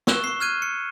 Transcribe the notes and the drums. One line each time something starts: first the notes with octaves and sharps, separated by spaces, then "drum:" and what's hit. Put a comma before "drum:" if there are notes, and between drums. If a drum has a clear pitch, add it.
C#6 E6 F#6 E7 G7, drum: snare
C#6 C7
F6 F#6 G#6 D#7
C#7